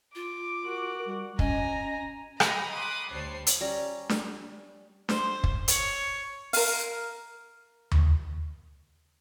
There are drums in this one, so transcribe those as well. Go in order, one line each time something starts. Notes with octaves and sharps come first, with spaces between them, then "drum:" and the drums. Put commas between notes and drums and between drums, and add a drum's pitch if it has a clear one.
F4 D6
F#4 A#4
G3
C#4 D#5 G#5 A#5, drum: kick
D#5 A#5 B5 D#6, drum: rim click
B5 C6 D6 D#6 F#6
D2 G3 D4 C5 C#5 C7
drum: hi-hat
G3 C#4 A#5
drum: snare D4
C5, drum: snare D4
drum: kick
C#5, drum: hi-hat
A#4 F5, drum: open hi-hat
drum: tom D#2